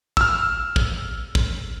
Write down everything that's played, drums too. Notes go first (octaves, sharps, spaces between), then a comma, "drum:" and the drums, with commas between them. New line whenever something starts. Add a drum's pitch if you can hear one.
E6 F6, drum: kick
drum: kick
drum: kick